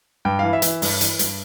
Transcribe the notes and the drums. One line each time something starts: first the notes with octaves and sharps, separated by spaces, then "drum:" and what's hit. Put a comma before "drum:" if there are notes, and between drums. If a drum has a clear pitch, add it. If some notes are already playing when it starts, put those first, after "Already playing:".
G2 G5
E3 F5
E5
E3, drum: hi-hat
E5
G2, drum: open hi-hat
E3, drum: hi-hat
G2, drum: hi-hat